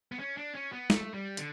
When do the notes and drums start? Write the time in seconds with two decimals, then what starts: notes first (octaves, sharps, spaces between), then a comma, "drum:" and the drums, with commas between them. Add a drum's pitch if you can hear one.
0.12 B3
0.20 C#4
0.37 D4
0.55 C#4
0.72 B3
0.90 A3, drum: snare
1.14 G3
1.37 D3, drum: hi-hat